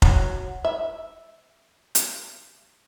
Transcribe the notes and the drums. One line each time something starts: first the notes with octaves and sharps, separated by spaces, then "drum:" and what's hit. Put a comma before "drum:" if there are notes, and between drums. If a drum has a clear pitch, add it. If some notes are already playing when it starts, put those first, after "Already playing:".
F#3, drum: kick F1
E5
drum: hi-hat